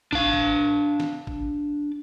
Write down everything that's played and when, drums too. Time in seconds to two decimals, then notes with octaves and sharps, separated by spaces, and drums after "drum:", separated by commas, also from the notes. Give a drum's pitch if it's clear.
0.13 D4 F5, drum: kick
0.33 drum: kick
1.00 drum: snare
1.27 drum: kick